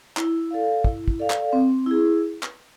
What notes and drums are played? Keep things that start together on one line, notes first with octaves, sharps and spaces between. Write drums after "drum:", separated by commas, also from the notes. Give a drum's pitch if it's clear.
E4, drum: clap
A4 D5 F5
E4, drum: kick
drum: kick
A4 D5 F5
drum: clap
C4
E4 G#4
drum: clap